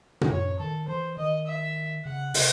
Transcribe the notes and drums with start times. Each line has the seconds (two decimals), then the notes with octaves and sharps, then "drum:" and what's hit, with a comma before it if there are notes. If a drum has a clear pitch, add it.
0.21 G#2, drum: tom A#2
0.30 F#2 C#5
0.59 D#3 A4
0.88 E3 C5
1.17 D#3 D#5
1.47 E5
2.05 C#3 F#5
2.34 C3, drum: open hi-hat